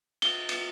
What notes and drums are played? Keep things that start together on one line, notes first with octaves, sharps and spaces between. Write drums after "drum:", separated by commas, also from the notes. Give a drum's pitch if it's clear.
G7, drum: cymbal
drum: cymbal